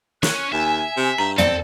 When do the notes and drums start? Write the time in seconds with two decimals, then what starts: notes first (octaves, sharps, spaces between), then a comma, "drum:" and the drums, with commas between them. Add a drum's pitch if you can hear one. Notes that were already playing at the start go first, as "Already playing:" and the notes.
0.23 C#4 C#5 F#6, drum: snare
0.52 D#2 E5 G#5
0.97 C3
1.18 G2 A#5
1.38 C4 A4 D5, drum: tom